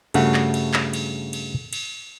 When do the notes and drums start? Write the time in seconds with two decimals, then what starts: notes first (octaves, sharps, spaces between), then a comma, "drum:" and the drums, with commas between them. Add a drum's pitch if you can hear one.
0.14 G2 C#3 A3 F#4 F#5, drum: cymbal
0.34 drum: clap
0.54 drum: cymbal
0.74 drum: clap
0.93 drum: cymbal
1.33 drum: cymbal
1.73 drum: cymbal